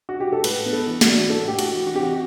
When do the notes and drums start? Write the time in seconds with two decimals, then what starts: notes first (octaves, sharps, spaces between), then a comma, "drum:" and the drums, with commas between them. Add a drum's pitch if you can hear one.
0.09 F#4
0.20 G4
0.32 A4
0.44 A2 B4, drum: cymbal
0.66 B3 B4
0.73 A4
0.87 E3
1.01 F#4, drum: snare
1.08 D4
1.30 A2 A4
1.48 A3 G4
1.59 F#4, drum: cymbal
1.73 E3
1.87 F#4
1.94 C4 G4
2.04 F#4